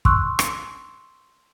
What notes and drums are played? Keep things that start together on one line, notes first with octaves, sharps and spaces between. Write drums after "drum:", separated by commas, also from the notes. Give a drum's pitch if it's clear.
C6 C#6 E6 F#6, drum: kick
drum: rim click